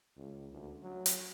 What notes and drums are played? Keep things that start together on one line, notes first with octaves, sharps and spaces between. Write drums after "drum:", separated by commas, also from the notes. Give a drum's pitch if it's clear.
C#2
D2
F#3
drum: hi-hat